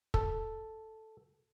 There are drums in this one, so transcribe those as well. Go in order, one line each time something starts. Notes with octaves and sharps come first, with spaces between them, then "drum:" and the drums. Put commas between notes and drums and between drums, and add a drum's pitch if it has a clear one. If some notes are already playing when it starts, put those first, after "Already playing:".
A4, drum: kick